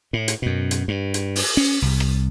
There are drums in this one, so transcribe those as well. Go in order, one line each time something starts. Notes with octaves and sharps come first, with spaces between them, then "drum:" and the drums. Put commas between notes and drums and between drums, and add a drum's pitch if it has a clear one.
A2
drum: hi-hat
F#2 B2
drum: hi-hat
G2
drum: hi-hat
drum: open hi-hat
C#4
C2
drum: rim click